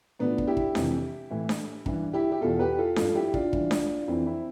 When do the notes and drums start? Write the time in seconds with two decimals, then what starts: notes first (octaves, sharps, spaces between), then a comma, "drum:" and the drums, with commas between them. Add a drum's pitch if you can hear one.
0.19 A2 F3 B3 D4
0.38 drum: kick
0.47 E4 G4
0.57 drum: kick
0.75 F2 C3 E3, drum: snare D4
1.31 A2 E3
1.49 drum: snare D4
1.86 G2 E3, drum: kick
2.13 E4 G4
2.32 G4
2.41 E2 B2 F4 A4
2.59 G4 B4
2.78 F4 A4
2.96 G2 F3 F4 A4, drum: snare D4
3.15 E4 G4
3.34 D4 F4, drum: kick
3.53 G2 E3, drum: kick
3.71 drum: snare D4
4.02 F4
4.08 F2 E3 C4 E4
4.26 C4 E4